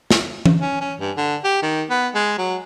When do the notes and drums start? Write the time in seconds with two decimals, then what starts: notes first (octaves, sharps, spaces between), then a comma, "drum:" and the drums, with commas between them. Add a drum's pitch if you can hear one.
0.11 drum: snare
0.46 drum: tom E3
0.62 C#4
0.81 C#4
1.00 G2
1.17 D3
1.44 G4
1.63 D#3
1.90 B3
2.15 G#3
2.38 F#3